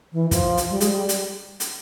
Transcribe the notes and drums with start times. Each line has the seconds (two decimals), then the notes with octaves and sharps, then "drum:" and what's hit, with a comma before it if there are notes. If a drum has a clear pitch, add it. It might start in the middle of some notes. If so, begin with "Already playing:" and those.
0.13 E3
0.31 F3, drum: kick, hi-hat
0.57 drum: hi-hat
0.70 G3
0.81 G#3, drum: hi-hat
0.91 G3
1.09 drum: hi-hat
1.60 drum: hi-hat